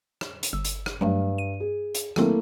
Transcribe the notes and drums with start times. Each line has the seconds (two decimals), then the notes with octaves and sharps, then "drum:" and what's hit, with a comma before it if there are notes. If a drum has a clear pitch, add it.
0.21 drum: rim click
0.43 drum: hi-hat
0.53 G1 E6
0.65 drum: hi-hat
0.86 drum: rim click
1.01 G2 F#3 G3 A3
1.38 D#7
1.60 G#4
1.95 drum: hi-hat
2.16 D#3 F#3 A3 A#3 C4 E4, drum: rim click